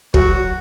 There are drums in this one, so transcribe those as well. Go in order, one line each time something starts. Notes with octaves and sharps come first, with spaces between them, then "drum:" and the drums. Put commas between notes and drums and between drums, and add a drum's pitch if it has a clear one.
F#3 F#4, drum: kick